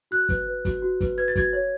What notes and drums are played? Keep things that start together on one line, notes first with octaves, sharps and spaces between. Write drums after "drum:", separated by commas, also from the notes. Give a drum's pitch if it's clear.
F#4 F#6
B4, drum: kick, hi-hat
B4
F#4, drum: kick, hi-hat
F#4
B4, drum: kick, hi-hat
B4 G#6
A6
F#4 G#6, drum: kick, hi-hat
C#5